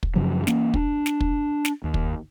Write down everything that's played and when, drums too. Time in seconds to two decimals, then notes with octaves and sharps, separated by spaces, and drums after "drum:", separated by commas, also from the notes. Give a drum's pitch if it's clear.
0.03 drum: kick
0.15 F#2 C#3 F3 F#3
0.47 E3 A#3 C#4, drum: snare
0.74 D4, drum: kick
1.06 drum: snare
1.20 drum: kick
1.65 drum: snare
1.84 D#2
1.94 drum: kick